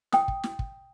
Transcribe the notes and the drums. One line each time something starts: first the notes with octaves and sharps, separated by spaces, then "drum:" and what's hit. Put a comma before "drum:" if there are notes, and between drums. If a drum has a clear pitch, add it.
G5 D#6, drum: snare
drum: kick
drum: snare
drum: kick